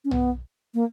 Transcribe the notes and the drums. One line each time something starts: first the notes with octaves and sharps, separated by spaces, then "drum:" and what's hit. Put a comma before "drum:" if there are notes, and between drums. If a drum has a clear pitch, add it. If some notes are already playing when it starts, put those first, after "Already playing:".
C#4
B3, drum: tom B1
A#3